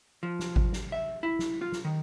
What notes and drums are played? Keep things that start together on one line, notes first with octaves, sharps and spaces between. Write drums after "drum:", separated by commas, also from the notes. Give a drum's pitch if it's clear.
F3
drum: snare
drum: kick G#1
drum: snare
E5
E4
drum: snare
F4
drum: snare
D#3